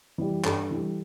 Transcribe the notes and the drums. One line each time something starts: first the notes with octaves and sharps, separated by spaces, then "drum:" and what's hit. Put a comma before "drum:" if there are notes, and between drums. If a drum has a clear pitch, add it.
E3 G3
G2 A4, drum: clap
E3 G3